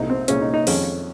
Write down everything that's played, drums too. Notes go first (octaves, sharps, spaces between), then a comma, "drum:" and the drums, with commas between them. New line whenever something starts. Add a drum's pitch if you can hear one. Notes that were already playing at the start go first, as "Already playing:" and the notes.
Already playing: C2 A#2 G#3 D#4
C4
C2 A#2 G#3 C#4, drum: hi-hat
D#4
D#4
F2 D#3 G#3 C#4, drum: open hi-hat